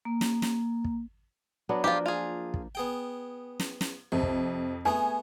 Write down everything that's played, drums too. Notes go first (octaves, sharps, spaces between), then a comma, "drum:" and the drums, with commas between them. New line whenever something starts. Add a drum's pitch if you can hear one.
A#3
drum: snare
drum: snare
drum: kick
F#3 B3 D4
F3 A#3 D4 F4 G4
F4 G#4
drum: kick
B3 G#4 G5
drum: snare
drum: snare
F2 C3
drum: kick
A3 B3 G#4 G#5